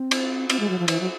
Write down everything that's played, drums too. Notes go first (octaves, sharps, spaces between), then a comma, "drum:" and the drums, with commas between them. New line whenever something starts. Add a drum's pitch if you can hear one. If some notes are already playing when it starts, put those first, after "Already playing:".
Already playing: C4
drum: cymbal
C4, drum: cymbal
G#3
F#3
F3
E3, drum: cymbal
F#3